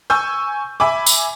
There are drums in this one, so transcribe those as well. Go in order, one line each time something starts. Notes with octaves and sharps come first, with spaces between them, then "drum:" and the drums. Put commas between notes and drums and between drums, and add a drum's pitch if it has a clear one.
G#5 C#6 E6 G6
E5 G#5 B5 D6
drum: tambourine